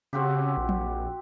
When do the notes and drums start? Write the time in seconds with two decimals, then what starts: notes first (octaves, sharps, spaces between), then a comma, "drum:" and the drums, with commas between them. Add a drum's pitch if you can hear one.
0.13 C#3 C4 F#4 G4
0.57 A#1
0.69 drum: tom F#3